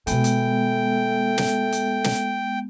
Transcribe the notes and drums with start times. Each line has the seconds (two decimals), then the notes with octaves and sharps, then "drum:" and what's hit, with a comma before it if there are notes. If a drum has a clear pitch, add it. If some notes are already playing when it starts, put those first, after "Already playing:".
0.07 B2 D#3 G#3 A3 B3 G5, drum: hi-hat
0.24 drum: hi-hat
1.38 drum: snare
1.72 drum: hi-hat
2.04 drum: snare